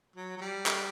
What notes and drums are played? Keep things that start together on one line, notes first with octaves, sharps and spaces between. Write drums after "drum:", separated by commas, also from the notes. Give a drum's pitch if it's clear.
F#3
F#3
G3
drum: clap